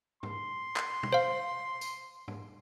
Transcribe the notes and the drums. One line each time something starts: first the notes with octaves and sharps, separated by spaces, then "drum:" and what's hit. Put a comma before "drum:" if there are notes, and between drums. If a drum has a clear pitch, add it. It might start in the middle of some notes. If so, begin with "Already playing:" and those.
C6, drum: tom
drum: clap
drum: tom
C5 F5
drum: tambourine
drum: tom